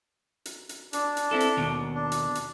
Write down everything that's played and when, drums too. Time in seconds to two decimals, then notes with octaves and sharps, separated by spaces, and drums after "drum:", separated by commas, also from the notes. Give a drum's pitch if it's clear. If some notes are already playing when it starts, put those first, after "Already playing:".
0.45 drum: hi-hat
0.69 drum: hi-hat
0.93 D4, drum: hi-hat
1.17 drum: hi-hat
1.31 C4 E4 A4
1.40 drum: hi-hat
1.57 D#2 B2 D#3
1.95 D4
2.12 drum: hi-hat
2.35 drum: hi-hat